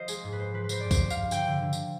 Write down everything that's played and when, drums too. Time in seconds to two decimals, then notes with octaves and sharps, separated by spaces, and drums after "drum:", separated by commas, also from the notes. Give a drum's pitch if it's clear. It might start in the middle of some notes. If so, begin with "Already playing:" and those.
Already playing: F3 C5 D#5 F5
0.08 G#3 G#4, drum: tambourine
0.24 G#2
0.33 B4
0.38 G#2 C5
0.54 F3 B4
0.64 B4
0.69 F3 C5, drum: tambourine
0.80 G2 D5
0.91 C5, drum: kick C2, tambourine
1.00 F3
1.10 F5, drum: tambourine
1.16 G2
1.31 D3 G5, drum: tambourine
1.47 D3
1.62 D3
1.73 drum: tambourine